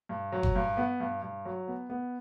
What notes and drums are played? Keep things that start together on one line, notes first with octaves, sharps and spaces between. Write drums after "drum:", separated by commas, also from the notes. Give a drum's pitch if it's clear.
G2
F#3
drum: kick F#1
G2
B3
G2
G2
F#3
B3
B3